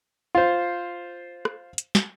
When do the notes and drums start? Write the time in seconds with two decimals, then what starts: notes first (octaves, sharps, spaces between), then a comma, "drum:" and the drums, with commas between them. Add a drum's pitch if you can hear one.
0.35 F4 C5
1.45 drum: rim click
1.78 drum: hi-hat
1.95 drum: snare